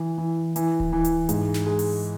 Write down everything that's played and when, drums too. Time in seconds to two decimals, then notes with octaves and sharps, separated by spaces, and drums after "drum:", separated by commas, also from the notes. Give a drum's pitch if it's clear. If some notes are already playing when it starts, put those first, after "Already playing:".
Already playing: E3
0.18 E3
0.56 E3, drum: hi-hat
0.80 drum: kick D1
0.92 E3
1.05 drum: hi-hat
1.29 G#2, drum: hi-hat
1.54 drum: snare
1.66 G#3
1.79 drum: open hi-hat